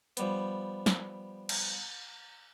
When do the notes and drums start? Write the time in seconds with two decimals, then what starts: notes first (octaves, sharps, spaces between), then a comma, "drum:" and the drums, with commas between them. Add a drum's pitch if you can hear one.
0.17 F3 G3 B3, drum: hi-hat
0.86 drum: snare
1.49 drum: cymbal